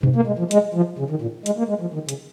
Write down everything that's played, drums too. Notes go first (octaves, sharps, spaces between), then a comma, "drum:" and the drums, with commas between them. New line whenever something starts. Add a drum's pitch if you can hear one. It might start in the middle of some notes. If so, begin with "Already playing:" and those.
G#2, drum: tom B2
A#3
G#3
F3
G#3, drum: hi-hat
F3
C#3
D#3
A#2
G#3, drum: hi-hat
A#3
G#3
F3
D#3
C#3, drum: hi-hat